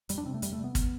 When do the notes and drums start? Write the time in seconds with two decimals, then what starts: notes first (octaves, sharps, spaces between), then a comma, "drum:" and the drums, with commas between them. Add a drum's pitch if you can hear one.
0.09 F2 G3, drum: hi-hat
0.18 D4
0.26 C3 C4
0.34 A3
0.42 F2 G3, drum: hi-hat
0.53 A3
0.58 C3
0.64 B3
0.75 drum: kick, hi-hat